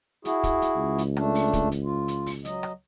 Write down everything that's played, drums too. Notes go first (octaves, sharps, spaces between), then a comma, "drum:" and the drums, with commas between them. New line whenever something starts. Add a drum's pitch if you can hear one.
E4 F#4 G#4, drum: hi-hat
drum: kick, hi-hat
drum: hi-hat
C#2
drum: hi-hat
A3 D4, drum: rim click
drum: open hi-hat
drum: kick, hi-hat
drum: hi-hat
F4
drum: hi-hat
drum: open hi-hat
F#3 D#5, drum: hi-hat
drum: rim click